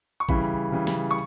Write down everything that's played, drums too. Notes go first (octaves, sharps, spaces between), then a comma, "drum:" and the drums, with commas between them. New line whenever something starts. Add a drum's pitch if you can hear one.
C#6
C#3 E3 G3 B5, drum: kick G#1
C#3 E3 G3
drum: snare
C#6